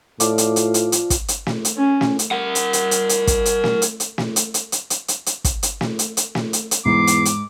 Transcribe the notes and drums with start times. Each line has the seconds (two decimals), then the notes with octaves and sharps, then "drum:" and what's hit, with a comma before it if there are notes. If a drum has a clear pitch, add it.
0.20 A2 F3 D5 F5, drum: hi-hat
0.38 drum: hi-hat
0.56 drum: hi-hat
0.74 drum: hi-hat
0.92 drum: hi-hat
1.10 drum: kick, hi-hat
1.28 drum: hi-hat
1.46 drum: snare
1.65 drum: hi-hat
1.77 C#4
2.01 drum: snare
2.19 drum: hi-hat
2.31 A#4 F#5
2.55 drum: hi-hat
2.73 drum: hi-hat
2.91 drum: hi-hat
3.09 drum: hi-hat
3.27 drum: kick, hi-hat
3.45 drum: hi-hat
3.64 drum: snare
3.82 drum: hi-hat
4.00 drum: hi-hat
4.18 drum: snare
4.36 drum: hi-hat
4.54 drum: hi-hat
4.72 drum: hi-hat
4.90 drum: hi-hat
5.08 drum: hi-hat
5.26 drum: hi-hat
5.45 drum: kick, hi-hat
5.63 drum: hi-hat
5.81 drum: snare
5.99 drum: hi-hat
6.17 drum: hi-hat
6.35 drum: snare
6.53 drum: hi-hat
6.71 drum: hi-hat
6.85 E2 G#2 D6 C7
7.07 drum: hi-hat
7.25 drum: hi-hat